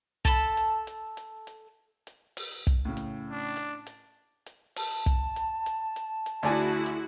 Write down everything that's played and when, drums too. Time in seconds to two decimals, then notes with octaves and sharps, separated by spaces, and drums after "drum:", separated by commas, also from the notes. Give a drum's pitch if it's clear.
0.25 A4 A5 B5, drum: kick, hi-hat
0.57 drum: hi-hat
0.87 drum: hi-hat
1.17 drum: hi-hat
1.47 drum: hi-hat
2.07 drum: hi-hat
2.37 drum: open hi-hat
2.67 drum: kick, hi-hat
2.85 A2 C#3
2.97 drum: hi-hat
3.30 D4
3.57 drum: hi-hat
3.86 drum: hi-hat
4.46 drum: hi-hat
4.76 A5, drum: open hi-hat
5.06 drum: kick, hi-hat
5.36 drum: hi-hat
5.66 drum: hi-hat
5.96 drum: hi-hat
6.26 drum: hi-hat
6.43 D2 E4 F#4 G#4 D5 G#5
6.86 drum: hi-hat